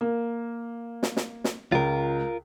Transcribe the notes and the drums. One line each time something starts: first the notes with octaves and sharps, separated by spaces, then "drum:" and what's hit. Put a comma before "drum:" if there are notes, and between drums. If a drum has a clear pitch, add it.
A#3
drum: snare
drum: snare
drum: snare
C#2 F4 A#4